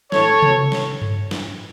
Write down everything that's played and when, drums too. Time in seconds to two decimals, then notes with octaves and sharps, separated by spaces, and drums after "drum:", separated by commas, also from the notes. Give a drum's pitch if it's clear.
0.12 A2 E3 A4 C#5, drum: snare
0.42 B2, drum: tom C3
0.72 drum: snare
1.02 drum: tom G2
1.31 drum: snare